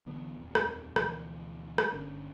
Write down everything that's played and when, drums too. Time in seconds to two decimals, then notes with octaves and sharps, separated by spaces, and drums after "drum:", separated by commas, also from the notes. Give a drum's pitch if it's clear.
0.06 B1 D3 E3 B3
0.37 D#1 F2
0.55 drum: rim click
0.96 D2 B2 E3 F3, drum: rim click
1.78 drum: rim click
1.92 G1 D3 C#4